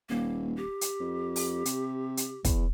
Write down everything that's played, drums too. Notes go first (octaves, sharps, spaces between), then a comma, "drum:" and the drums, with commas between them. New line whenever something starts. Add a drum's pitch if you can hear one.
D#1 A#3
G4
drum: hi-hat
F2
drum: open hi-hat
C3, drum: hi-hat
drum: hi-hat
E2, drum: kick, hi-hat